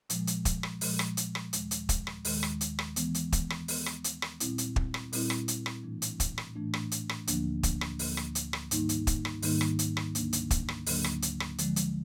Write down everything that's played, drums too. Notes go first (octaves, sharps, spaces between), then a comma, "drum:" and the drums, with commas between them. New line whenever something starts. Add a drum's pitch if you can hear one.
A#2 F3 G#3, drum: hi-hat
drum: hi-hat
drum: kick, hi-hat
drum: rim click
A#2 F3 G#3, drum: open hi-hat
drum: rim click
drum: hi-hat
drum: rim click
D#2 D#3 G#3, drum: hi-hat
drum: hi-hat
drum: kick, hi-hat
drum: rim click
D#2 D#3 G#3, drum: open hi-hat
drum: rim click
drum: hi-hat
drum: rim click
E3 G#3 B3, drum: hi-hat
drum: hi-hat
drum: kick, hi-hat
drum: rim click
E3 G#3 B3, drum: open hi-hat
drum: rim click
drum: hi-hat
drum: rim click
A#2 G3 C4 E4, drum: hi-hat
drum: hi-hat
drum: kick
drum: rim click
A#2 G3 C4 E4, drum: open hi-hat
drum: rim click
drum: hi-hat
drum: rim click
A2 E3 A3 D4
drum: hi-hat
drum: kick, hi-hat
drum: rim click
A2 E3 A3 D4
drum: rim click
drum: hi-hat
drum: rim click
D2 D3 F3 A#3 D4, drum: hi-hat
drum: kick, hi-hat
drum: rim click
D2 D3 F3 A#3 D4, drum: open hi-hat
drum: rim click
drum: hi-hat
drum: rim click
G#2 D#3 G3 A#3 D#4, drum: hi-hat
drum: hi-hat
drum: kick, hi-hat
drum: rim click
G#2 D#3 G3 A#3 D#4, drum: open hi-hat
drum: rim click
drum: hi-hat
drum: rim click
D2 D3 F#3 A#3 D4, drum: hi-hat
drum: hi-hat
drum: kick, hi-hat
drum: rim click
D2 D3 F#3 A#3 D4, drum: open hi-hat
drum: rim click
drum: hi-hat
drum: rim click
D3 F3 G#3, drum: hi-hat
drum: hi-hat